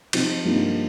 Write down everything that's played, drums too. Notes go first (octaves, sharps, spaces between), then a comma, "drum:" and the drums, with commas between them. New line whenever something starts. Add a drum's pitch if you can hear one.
C3 F3 C4 D#4 G4, drum: cymbal
G2 F3 A#3 D#4